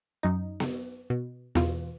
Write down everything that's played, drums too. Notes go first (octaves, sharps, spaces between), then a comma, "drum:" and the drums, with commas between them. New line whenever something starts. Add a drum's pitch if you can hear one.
F#2 D#4
drum: snare B3
B2
E2 B2 F4, drum: snare B3